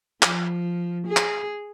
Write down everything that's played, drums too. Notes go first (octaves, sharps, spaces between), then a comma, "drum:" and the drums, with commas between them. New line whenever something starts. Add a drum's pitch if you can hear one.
F3, drum: clap
G#4
drum: clap